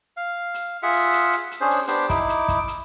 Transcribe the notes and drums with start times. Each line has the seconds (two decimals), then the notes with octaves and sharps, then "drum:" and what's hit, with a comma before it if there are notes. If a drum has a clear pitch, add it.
0.17 F5
0.54 drum: hi-hat
0.83 F4 G#4 E5 F#5
0.93 drum: open hi-hat
1.13 drum: hi-hat
1.32 drum: hi-hat
1.51 drum: hi-hat
1.61 C#4 D4 G#4 C5
1.71 drum: open hi-hat
1.87 B3 D4 G4 C5, drum: hi-hat
2.10 D#4 E4 D6, drum: kick, hi-hat
2.29 drum: hi-hat
2.48 drum: kick, hi-hat
2.68 drum: hi-hat